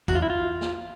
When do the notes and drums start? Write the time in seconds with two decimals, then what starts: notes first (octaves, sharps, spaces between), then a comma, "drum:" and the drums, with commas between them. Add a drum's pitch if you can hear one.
0.08 E2 F#4, drum: kick, tambourine
0.15 F4
0.22 E4
0.30 F4
0.61 drum: snare